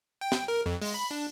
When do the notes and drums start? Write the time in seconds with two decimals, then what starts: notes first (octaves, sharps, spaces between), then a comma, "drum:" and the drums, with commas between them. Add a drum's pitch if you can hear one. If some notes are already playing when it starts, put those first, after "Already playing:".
0.21 G5
0.32 drum: snare
0.48 A#4
0.66 F2
0.82 G#3, drum: open hi-hat
0.94 B5
1.11 D4